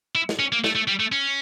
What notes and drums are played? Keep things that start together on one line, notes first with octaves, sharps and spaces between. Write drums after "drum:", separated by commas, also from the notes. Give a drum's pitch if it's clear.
E4
drum: snare
C#4
A#3
A3, drum: snare
A3
G3
A3
C#4